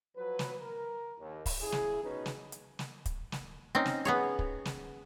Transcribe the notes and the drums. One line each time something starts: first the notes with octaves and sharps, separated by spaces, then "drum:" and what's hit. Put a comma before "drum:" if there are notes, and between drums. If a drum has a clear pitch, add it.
F3 F#3 B4
drum: snare
A#4
D#2
drum: kick, open hi-hat
C#3 E4 G#4
drum: snare
B2 C#4 D#4 B4
drum: snare
drum: hi-hat
drum: snare
drum: kick, hi-hat
drum: snare
C4 C#4 D#4
drum: snare
B3 G#4 C#5
drum: kick
drum: snare